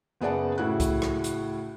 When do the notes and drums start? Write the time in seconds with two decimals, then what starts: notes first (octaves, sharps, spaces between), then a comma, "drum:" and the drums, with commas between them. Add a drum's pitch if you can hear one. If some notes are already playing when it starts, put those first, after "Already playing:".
0.21 F#1 B3 G#4 D5 F#5 A5
0.58 A2 C#3 E4 F#4 F#6
0.80 drum: kick C2, hi-hat
1.02 drum: rim click
1.24 drum: hi-hat